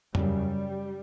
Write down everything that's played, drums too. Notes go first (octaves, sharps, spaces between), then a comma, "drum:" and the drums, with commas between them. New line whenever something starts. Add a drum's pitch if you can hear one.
F#2 C#3 G3, drum: tom E2